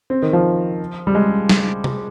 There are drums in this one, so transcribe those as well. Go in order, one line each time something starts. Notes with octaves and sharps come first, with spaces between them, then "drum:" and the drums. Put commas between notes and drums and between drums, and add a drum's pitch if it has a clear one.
C4
D#3
F3
G3
G#3
drum: snare
drum: tom